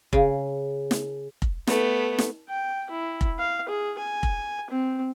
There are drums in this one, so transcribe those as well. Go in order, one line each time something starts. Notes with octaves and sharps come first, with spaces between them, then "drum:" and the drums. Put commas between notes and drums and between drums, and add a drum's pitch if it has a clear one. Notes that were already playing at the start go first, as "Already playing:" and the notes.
C#3, drum: kick F1
drum: snare
drum: kick F1
A3 B3, drum: snare
drum: snare
G5
E4
drum: kick F1
F5
G#4
G#5
drum: kick F1
C4